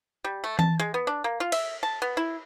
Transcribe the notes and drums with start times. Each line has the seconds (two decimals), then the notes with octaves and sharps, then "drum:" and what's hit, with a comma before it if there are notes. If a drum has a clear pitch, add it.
0.24 G3
0.44 A3
0.59 A5, drum: tom E3
0.79 G#3
0.94 B3
1.07 D4
1.24 A#3
1.40 F4
1.52 E5, drum: cymbal
1.83 A5
2.02 B3
2.17 E4